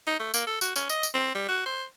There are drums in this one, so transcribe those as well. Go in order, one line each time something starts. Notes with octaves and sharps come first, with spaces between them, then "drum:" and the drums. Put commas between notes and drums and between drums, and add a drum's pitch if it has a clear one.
D#4
A3
A#3, drum: tambourine
A4
F#4, drum: tambourine
C#4, drum: tambourine
D#5, drum: tambourine
drum: tambourine
C4
G3
F#4
C5